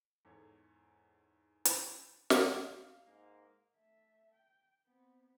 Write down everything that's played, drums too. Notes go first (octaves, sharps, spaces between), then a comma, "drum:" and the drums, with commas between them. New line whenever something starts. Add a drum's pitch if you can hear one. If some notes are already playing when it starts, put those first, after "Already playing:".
E2 G#2 A4 C#5
drum: hi-hat
drum: snare
F5
G#2 A#3
A3 E5
G5
B3 C4